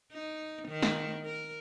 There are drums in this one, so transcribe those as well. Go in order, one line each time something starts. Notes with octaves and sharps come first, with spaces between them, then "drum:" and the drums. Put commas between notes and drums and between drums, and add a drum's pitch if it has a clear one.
D#4
D#3
drum: snare
A#4